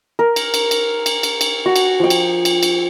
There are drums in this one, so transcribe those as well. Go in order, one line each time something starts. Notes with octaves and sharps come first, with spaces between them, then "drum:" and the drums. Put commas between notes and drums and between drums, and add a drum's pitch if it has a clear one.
A#4
drum: cymbal
drum: cymbal
drum: cymbal
drum: cymbal
drum: cymbal
drum: cymbal
F#4
drum: cymbal
F3 G5
drum: cymbal
drum: cymbal
drum: cymbal